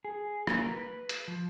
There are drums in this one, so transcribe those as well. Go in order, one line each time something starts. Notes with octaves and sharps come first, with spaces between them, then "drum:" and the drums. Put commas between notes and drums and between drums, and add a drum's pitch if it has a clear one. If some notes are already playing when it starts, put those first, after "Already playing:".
G#4
A#3, drum: rim click
B4
drum: hi-hat
F3